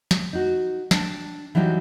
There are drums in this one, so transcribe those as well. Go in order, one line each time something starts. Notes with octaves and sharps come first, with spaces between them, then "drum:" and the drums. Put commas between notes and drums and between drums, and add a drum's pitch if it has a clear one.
drum: snare
D#4 F#4
D4 G5 A5, drum: snare
E3 F#3 G3 D#4 G4